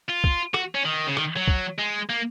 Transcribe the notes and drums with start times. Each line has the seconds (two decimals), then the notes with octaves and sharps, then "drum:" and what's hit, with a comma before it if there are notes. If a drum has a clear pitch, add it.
0.08 F4
0.24 drum: kick
0.54 F#4, drum: rim click
0.75 C#4
0.85 D#3
1.07 C#3
1.17 D#3, drum: rim click
1.37 F#3
1.48 drum: kick
1.79 G#3
2.10 A#3